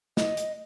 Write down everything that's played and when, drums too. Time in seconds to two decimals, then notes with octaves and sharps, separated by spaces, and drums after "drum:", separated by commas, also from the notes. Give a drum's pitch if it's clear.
0.17 D#5, drum: snare
0.37 drum: hi-hat